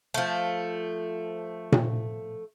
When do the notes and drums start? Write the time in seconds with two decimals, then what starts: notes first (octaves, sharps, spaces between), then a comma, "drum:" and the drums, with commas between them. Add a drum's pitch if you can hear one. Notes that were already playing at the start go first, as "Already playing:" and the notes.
0.14 F3 A3
1.72 drum: tom A#2